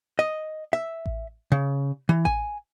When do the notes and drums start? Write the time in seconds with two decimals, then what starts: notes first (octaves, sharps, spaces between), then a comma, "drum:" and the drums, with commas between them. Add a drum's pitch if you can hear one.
0.19 D#5
0.73 E5
1.06 drum: kick A1
1.52 C#3
2.09 E3
2.25 G#5, drum: kick A1